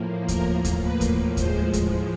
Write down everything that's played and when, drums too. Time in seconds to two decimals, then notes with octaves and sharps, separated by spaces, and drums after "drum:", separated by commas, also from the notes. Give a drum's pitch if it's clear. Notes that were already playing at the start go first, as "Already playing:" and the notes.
Already playing: A2 F3 A#3
0.28 A#4, drum: kick D#2, hi-hat
0.65 drum: kick D#2, hi-hat
0.83 B4
1.01 drum: kick D#2, hi-hat
1.37 A2 F3 G#3 C5, drum: kick D#2, hi-hat
1.73 drum: kick D#2, hi-hat